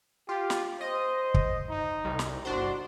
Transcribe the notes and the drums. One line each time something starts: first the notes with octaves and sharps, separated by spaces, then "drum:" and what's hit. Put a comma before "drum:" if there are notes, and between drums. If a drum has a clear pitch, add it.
F4 G4
drum: snare
C5 D#5
drum: kick
D#4
C2
drum: snare
G1 D4 F#4 C5